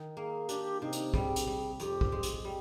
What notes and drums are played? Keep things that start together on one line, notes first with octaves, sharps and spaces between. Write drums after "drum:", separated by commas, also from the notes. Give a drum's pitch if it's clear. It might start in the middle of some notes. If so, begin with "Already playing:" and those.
Already playing: D#3
A#3 G#4
D4 G4, drum: hi-hat
C3 D#4
drum: hi-hat
G3 G#4, drum: kick A#1
drum: hi-hat
G3
F2 G4, drum: hi-hat
drum: kick A#1
G#3
drum: hi-hat
G3